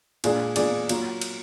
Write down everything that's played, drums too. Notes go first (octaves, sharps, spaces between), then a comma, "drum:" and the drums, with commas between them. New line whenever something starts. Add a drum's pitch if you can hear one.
A#2 G#3 D4 G#4 D5, drum: cymbal
A#2 G#3 D4 G#4 D5, drum: cymbal
F#3 A#3 F4, drum: cymbal
drum: cymbal